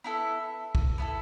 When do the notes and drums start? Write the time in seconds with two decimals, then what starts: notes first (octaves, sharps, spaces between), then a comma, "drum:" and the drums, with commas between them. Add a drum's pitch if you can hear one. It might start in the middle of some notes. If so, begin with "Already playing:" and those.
0.04 B3 E4 A4
0.75 drum: kick
0.98 B3 E4 A4